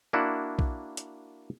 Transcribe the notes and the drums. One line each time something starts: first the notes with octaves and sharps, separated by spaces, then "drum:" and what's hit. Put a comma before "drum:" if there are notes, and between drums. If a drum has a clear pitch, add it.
A#3 D4 E4 F#4
drum: kick B1
drum: hi-hat